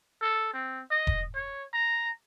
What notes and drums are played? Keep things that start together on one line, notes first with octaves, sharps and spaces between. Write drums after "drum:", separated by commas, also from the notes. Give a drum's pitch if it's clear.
A4
C4
D#5
drum: kick E1
C#5
A#5